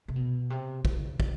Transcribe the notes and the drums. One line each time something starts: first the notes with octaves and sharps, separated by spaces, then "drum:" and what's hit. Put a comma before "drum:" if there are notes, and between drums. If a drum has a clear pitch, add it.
C3
B2
C3
C#3, drum: kick
C#3, drum: kick